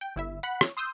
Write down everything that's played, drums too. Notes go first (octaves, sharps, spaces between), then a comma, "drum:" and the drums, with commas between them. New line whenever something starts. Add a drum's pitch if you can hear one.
G5
G1 E4 E5
F#5 B5 F#6
C#5, drum: rim click
C6 D#6 E6 G6